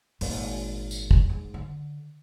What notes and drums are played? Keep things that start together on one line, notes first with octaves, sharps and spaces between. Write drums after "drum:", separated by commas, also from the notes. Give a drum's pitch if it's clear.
G#1 A#2, drum: open hi-hat
drum: tambourine
drum: kick
G#2
D3